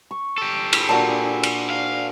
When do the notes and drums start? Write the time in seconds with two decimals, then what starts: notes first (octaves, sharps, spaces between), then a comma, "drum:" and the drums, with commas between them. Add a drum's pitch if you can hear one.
0.11 C#6
0.38 G4 A4
0.73 drum: cymbal
0.89 A#2 D4 F#4 A5 A#5
1.08 G#4
1.43 drum: cymbal
1.70 F5